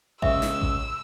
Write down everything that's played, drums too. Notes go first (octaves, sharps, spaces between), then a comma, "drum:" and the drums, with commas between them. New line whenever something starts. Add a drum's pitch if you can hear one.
C#2 E5 E6, drum: kick A1
drum: snare
drum: kick A1